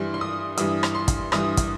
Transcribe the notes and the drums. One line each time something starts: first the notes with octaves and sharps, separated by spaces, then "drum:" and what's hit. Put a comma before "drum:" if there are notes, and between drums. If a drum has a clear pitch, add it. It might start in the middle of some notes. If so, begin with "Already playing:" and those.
Already playing: G2 E3 G3 C6
C6
D#6
G2 E3 G3 D#6, drum: hi-hat
drum: rim click
C6
drum: kick, hi-hat
G2 E3 G3 D#6, drum: rim click
drum: kick, hi-hat